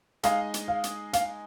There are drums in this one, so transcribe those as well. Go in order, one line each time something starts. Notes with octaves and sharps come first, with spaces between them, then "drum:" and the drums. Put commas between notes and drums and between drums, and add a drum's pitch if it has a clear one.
G#3 D#4 G#4 D#5 F5, drum: hi-hat
drum: hi-hat
F5
drum: hi-hat
F5, drum: hi-hat